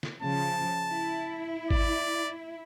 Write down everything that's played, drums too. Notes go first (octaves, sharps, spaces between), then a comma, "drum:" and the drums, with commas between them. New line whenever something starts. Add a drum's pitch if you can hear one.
drum: snare
C#3 F3 A5
E4
D5, drum: kick G#1